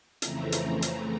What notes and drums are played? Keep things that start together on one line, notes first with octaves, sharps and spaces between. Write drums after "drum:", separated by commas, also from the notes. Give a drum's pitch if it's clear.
F2 C#3 E3 A3 C4 A#5, drum: hi-hat
drum: hi-hat
drum: hi-hat